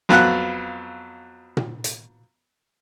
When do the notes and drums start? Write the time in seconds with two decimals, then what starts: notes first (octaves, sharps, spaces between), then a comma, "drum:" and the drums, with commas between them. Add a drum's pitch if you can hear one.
0.09 F2 F#3 B3 F4 F#5 F#6, drum: snare
1.57 drum: tom A#2
1.84 drum: hi-hat